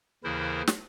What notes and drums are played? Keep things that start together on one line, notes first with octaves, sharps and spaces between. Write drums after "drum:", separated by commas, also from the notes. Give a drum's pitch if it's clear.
D#2 C#3 E3 E4 A#4 C5
drum: snare